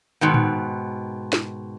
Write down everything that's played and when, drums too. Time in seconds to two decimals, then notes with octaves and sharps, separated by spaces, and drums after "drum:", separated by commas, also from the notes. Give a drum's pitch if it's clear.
0.21 G#2 B2 D#3
0.34 drum: tom A2
1.33 drum: snare